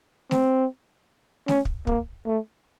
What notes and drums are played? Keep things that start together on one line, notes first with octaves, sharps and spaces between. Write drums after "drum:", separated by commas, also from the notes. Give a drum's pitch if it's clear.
C4, drum: snare A3
C#4, drum: snare A3
drum: kick
A#3, drum: kick
A3